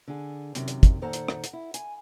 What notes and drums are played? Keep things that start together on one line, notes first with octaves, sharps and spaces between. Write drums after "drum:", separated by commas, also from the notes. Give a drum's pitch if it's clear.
D3 G#4
F#2 C3 D#3, drum: hi-hat
drum: hi-hat
drum: kick, hi-hat
A#2 D#3 A4 C5 F#5 A#5
drum: hi-hat
drum: rim click
drum: hi-hat
E4
G#5, drum: hi-hat